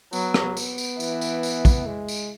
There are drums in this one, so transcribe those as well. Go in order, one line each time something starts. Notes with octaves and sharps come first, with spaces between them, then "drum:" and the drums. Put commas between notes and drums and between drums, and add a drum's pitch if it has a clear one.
F#3 B3, drum: tambourine
drum: rim click
B3, drum: tambourine
drum: tambourine
E3, drum: tambourine
drum: tambourine
drum: tambourine
drum: kick, tambourine
G#3
drum: tambourine